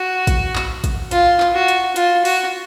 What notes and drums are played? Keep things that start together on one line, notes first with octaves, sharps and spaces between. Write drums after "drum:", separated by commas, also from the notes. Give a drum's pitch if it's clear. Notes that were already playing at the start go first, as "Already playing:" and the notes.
Already playing: F#4
drum: kick, hi-hat
drum: clap
drum: kick, hi-hat
F4, drum: hi-hat
drum: clap
F#4
drum: hi-hat
F4, drum: hi-hat
F#4, drum: open hi-hat